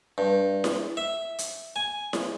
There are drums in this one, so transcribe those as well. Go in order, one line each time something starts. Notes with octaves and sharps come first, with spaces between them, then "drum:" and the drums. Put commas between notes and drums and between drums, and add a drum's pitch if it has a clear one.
G2
drum: snare E4
E5
drum: hi-hat
G#5
drum: snare E4